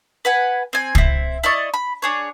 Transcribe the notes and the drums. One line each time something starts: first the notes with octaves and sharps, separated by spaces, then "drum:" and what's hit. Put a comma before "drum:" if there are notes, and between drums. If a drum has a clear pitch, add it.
B4 F#5 G#5
C4 G#5
C4 E4, drum: kick
E4 D5 D#5 C#6
B5
D4 G#4 C#5